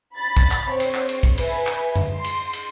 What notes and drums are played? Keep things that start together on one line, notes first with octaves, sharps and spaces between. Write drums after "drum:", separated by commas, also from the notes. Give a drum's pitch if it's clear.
B5 A6
drum: kick
drum: clap
C4 C#5
drum: cymbal
drum: clap
drum: cymbal
drum: kick
B4 E5 G#5, drum: cymbal
drum: clap
drum: tom F#2
C6
drum: cymbal
drum: cymbal